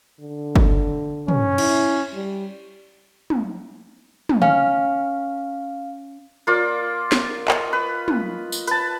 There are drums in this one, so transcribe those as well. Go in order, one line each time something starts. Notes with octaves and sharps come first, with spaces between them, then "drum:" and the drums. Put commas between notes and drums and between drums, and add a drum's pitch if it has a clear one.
D3
drum: kick F#1
C#4, drum: tom
E4, drum: cymbal
G3
drum: tom
drum: tom
C#4 F5
A#3 F4 D5
drum: snare
D#5 C#6, drum: clap
B4
drum: tom
drum: tambourine
B4 A5, drum: hi-hat